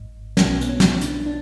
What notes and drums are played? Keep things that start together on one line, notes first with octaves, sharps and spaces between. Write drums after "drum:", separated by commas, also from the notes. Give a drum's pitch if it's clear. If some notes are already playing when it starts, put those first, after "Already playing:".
Already playing: G#1 G#2
B1 B2 C#4, drum: snare
B3, drum: hi-hat
C#4
drum: snare
D4, drum: hi-hat
D4